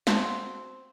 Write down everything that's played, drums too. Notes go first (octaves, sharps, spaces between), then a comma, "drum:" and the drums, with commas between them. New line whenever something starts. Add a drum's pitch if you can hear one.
C4 F#4 F5 G5 A5, drum: snare